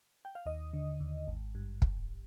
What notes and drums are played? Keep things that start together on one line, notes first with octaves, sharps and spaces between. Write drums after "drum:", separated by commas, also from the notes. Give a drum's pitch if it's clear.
G5
F5
D#2 D#5
D3
D#2
G#1
G2
G#1, drum: kick